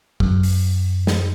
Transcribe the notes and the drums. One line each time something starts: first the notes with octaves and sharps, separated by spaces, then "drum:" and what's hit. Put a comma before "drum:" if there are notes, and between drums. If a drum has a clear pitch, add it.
F#2, drum: kick
drum: open hi-hat
drum: snare